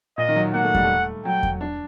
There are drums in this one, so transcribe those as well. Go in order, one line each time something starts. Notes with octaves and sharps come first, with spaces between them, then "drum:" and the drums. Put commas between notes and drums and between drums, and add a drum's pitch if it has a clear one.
A#2 D#5
D#3
F#3
A#3 F#5
A3
G3, drum: kick E2
A3
F#3 G5
drum: kick E2
D4